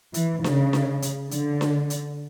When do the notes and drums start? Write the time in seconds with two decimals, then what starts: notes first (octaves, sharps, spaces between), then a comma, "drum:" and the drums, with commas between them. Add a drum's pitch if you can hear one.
0.14 E3, drum: hi-hat
0.44 C#3, drum: snare D4
0.73 drum: snare D4
1.02 drum: hi-hat
1.31 D3, drum: hi-hat
1.61 drum: snare D4
1.90 drum: hi-hat